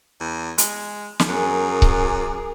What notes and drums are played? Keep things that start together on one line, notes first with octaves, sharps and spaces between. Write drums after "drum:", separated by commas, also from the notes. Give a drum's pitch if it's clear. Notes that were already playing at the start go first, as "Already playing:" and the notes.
E2
G#3, drum: hi-hat
drum: snare
F#2 G#4 A#4
drum: kick C#1